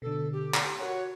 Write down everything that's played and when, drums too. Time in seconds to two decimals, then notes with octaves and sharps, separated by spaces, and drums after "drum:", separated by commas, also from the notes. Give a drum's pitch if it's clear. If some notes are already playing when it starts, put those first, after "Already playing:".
0.02 B2 D3 A4
0.32 G4
0.54 drum: clap
0.80 F#4 A#4 C#5 F#5